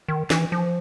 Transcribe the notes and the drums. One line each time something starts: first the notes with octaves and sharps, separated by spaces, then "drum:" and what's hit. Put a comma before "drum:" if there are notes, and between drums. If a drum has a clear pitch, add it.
D#3
E3, drum: snare
F3